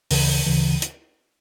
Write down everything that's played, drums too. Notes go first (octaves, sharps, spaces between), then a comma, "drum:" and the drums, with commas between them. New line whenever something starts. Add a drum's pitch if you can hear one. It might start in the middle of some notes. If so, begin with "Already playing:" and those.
D2 C#3 E3, drum: open hi-hat
D2 C#3 E3
drum: hi-hat